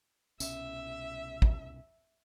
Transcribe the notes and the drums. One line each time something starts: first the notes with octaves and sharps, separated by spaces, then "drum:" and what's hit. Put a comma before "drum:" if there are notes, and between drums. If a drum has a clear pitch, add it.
C2 B2 C#4 E5, drum: tambourine
drum: kick